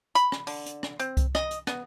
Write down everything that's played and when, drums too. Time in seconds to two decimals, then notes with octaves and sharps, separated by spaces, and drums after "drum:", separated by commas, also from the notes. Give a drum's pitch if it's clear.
0.15 B5, drum: hi-hat
0.32 drum: rim click
0.47 D3, drum: open hi-hat
0.66 drum: hi-hat
0.83 drum: rim click
0.99 C4, drum: hi-hat
1.17 drum: kick C2, hi-hat
1.35 D#5, drum: rim click
1.51 drum: hi-hat
1.67 B3, drum: rim click